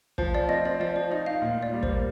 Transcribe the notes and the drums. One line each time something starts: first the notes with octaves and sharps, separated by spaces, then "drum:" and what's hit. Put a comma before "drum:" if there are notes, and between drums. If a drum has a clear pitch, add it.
F3 C5, drum: kick
F3 D5
C4 D#5
C4 D5
F3 D5
F3 C5
D#4 D#5
D#4 F5
A#2
A#2 D5
G3
C5, drum: kick
A#3